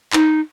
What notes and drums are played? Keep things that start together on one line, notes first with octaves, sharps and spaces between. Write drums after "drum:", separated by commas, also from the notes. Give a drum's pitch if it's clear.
D#4, drum: clap